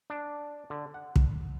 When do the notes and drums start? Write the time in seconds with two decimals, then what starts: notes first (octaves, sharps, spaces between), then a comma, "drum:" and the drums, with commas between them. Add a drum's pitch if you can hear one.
0.10 D4
0.70 D3
0.94 F#5
1.16 drum: kick